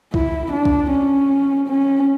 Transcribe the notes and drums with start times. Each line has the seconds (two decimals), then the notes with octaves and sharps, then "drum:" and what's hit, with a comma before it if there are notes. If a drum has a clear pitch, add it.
0.14 E4, drum: kick
0.52 D4
0.65 drum: kick
0.91 C#4
1.68 C#4